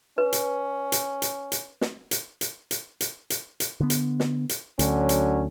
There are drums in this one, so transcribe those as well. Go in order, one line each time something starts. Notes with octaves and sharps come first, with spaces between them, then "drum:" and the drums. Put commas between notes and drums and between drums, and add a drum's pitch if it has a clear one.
C#4 B4
drum: hi-hat
drum: hi-hat
drum: hi-hat
drum: hi-hat
drum: snare
drum: hi-hat
drum: hi-hat
drum: hi-hat
drum: hi-hat
drum: hi-hat
drum: hi-hat
D3 B3
drum: hi-hat
drum: snare
drum: hi-hat
D2 D3 F#3 C#4, drum: hi-hat
drum: hi-hat